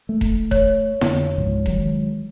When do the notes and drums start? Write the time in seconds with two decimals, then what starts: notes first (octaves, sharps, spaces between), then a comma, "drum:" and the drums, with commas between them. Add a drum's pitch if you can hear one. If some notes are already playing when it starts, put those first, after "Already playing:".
0.09 A3
0.21 drum: kick E1
0.51 C#5, drum: kick E1
1.01 F2 D3 F3, drum: snare E4
1.38 C#2 G#2 F3
1.66 D#3 F#3 G#3, drum: kick E1